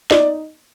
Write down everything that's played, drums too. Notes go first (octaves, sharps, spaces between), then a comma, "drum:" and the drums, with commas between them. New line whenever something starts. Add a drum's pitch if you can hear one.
D#4 D5, drum: snare